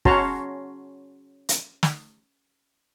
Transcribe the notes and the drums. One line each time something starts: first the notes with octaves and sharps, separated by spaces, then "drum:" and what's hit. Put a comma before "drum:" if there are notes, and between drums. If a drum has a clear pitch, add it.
C#4 F#4 C#5 A5 A#5 C6, drum: kick
drum: hi-hat
drum: snare